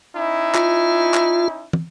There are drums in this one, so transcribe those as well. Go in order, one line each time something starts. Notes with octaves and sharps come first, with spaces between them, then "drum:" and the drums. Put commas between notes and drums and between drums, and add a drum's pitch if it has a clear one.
C#4 D#4 E4
F4, drum: clap
drum: clap
drum: tom